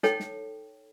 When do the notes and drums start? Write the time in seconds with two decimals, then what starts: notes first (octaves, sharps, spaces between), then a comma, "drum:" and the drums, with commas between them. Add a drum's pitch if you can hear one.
0.03 D#4 A4 C#5 G5, drum: snare
0.20 drum: snare